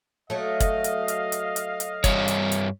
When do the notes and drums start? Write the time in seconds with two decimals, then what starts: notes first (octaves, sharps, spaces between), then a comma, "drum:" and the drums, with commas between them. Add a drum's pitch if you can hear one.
0.30 F#3 A3 D#5 F5
0.60 drum: kick, hi-hat
0.84 drum: hi-hat
1.08 drum: hi-hat
1.32 drum: hi-hat
1.56 drum: hi-hat
1.80 drum: hi-hat
2.04 G2 G3 C#5, drum: kick, hi-hat
2.28 drum: hi-hat
2.52 drum: hi-hat